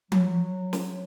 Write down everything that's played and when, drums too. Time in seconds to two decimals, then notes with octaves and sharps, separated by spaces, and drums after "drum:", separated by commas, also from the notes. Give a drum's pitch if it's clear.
0.12 F#3, drum: tom F3
0.73 drum: snare